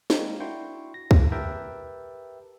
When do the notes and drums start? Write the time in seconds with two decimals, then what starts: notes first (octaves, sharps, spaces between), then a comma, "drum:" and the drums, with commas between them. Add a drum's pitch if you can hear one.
0.10 G#3 A#3 C4 D4 D#4, drum: snare
0.40 D4 E4 F#4 G5 C6 C#6
0.94 A#6
1.11 drum: kick
1.32 G4 A#4 B4 E5 G5 A5